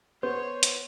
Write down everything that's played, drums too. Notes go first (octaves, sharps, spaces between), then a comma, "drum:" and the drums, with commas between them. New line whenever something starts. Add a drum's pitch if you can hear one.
B3 C5 C#5
drum: hi-hat